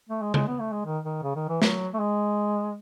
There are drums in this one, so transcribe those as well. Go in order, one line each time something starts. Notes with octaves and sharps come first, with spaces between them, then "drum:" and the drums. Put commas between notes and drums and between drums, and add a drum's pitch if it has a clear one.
A3
G#3
G#3, drum: tom C#3
B3
A3
G#3
D#3
D#3
C#3
D#3
E3
F#3, drum: snare A3
A3
G#3